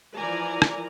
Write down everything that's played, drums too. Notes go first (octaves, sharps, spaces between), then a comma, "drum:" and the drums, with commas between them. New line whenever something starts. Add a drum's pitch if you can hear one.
E3 F3 A#4 D5 G#5 A#5
drum: rim click